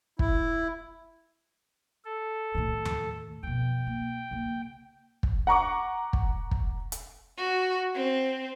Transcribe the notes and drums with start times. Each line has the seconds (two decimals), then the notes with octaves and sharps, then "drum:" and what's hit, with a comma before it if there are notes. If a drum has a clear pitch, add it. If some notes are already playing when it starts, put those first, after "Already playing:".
0.19 E4, drum: kick
2.05 A4
2.55 A2 D#3
2.85 drum: tom D#2
3.43 F2 B2 G5
3.87 A#3
4.31 C#3 A#3
5.23 drum: kick
5.47 F#5 A#5 C#6 D6
6.13 drum: kick
6.51 drum: kick
6.92 drum: hi-hat
7.38 F#4
7.95 C4